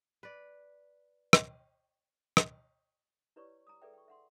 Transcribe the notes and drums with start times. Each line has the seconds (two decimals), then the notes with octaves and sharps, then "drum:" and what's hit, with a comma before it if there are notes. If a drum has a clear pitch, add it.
0.23 B4 D5
1.33 drum: rim click
2.37 drum: rim click
3.36 E4 G4 B4 C#5 D5 C#6
3.67 A#5 D#6
3.82 G#4 A4 B4 D5 E5 G5
3.94 G5 C#6
4.08 E5 F#5 C6